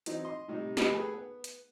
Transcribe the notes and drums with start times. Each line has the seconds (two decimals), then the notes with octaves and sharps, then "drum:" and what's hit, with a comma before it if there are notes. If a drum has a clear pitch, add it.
0.06 E3 F#3 C4 D#4, drum: hi-hat
0.25 D#5 C6
0.48 A2 C3 G3 D#4
0.77 D2 F3 G3 B4 D#5 B5, drum: snare
0.92 A3 B3 G#4 A4 B4 G5
1.14 B3
1.44 drum: hi-hat